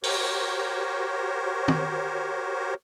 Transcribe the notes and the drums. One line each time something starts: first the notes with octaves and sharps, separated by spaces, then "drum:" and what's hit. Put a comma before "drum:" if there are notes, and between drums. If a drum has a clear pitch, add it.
F#4 G4 A#4 C5 C#5, drum: open hi-hat
drum: tom D#3